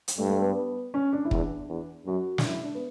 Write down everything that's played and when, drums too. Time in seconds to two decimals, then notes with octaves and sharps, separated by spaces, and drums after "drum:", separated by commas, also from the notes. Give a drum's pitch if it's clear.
0.08 drum: hi-hat
0.18 G2 A3
0.29 A3
0.38 B3
0.94 C#4
1.13 D4
1.25 E4
1.31 E2, drum: kick
1.37 D4
1.69 E2
2.06 F#2 F#4
2.38 D4, drum: snare
2.44 F#2 E4
2.63 D4
2.75 B3